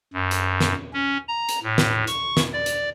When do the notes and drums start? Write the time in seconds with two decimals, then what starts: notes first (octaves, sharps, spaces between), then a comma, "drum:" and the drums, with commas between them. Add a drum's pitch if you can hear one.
0.14 F#2
0.31 drum: hi-hat
0.61 drum: snare
0.93 C#4
1.28 A#5
1.49 drum: hi-hat
1.63 A2
1.78 drum: snare
2.07 C#6, drum: hi-hat
2.37 drum: snare
2.53 D5
2.66 drum: hi-hat